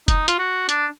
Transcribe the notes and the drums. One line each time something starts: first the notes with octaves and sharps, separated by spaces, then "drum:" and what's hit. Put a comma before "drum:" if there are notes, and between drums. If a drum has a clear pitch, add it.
D#4, drum: kick F1, hi-hat
F4, drum: hi-hat
F#4
D4, drum: hi-hat